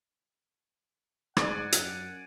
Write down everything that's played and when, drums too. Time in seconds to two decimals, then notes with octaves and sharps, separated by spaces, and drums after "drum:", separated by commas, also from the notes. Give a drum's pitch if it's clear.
1.37 G#2 D5 F#5 G#5, drum: rim click
1.72 F#2, drum: hi-hat